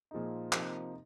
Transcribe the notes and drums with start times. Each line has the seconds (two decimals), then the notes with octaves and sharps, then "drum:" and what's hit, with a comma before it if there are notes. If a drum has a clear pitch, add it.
0.11 A#2 F3 G#3 D#4
0.52 C3 F3 A#3 D#4, drum: clap